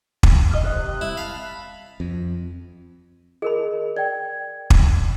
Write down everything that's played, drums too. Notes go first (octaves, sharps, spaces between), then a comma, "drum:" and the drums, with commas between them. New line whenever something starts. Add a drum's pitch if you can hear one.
drum: kick
D#5 F6
C3 F#6
E4
F5 A5 B5
F2
G#4 A#4 D#5 B5
D5 G5 G#6
drum: kick